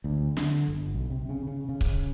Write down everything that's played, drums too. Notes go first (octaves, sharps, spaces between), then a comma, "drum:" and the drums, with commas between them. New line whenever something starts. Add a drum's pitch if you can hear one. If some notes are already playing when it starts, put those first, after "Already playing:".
D2
D3, drum: snare
G1
B1
C3
C#3
C#3
C#3
drum: kick C#1